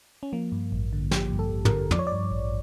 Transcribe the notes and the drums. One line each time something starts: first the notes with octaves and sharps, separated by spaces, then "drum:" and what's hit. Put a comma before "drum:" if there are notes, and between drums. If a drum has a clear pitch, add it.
C#4
F3 A#3
G2
A1
D3
F3 G4, drum: snare
G2
A4
A1
A#4, drum: tom
D3
F3 D5, drum: tom
C#5
D5
G2
A1